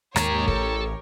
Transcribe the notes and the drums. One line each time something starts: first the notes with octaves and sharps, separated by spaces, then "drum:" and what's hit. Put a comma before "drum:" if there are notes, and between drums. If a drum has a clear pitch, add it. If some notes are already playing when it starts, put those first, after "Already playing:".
D#2 G#2 G4 A#4 C#5 A#5, drum: rim click
A1 A4, drum: kick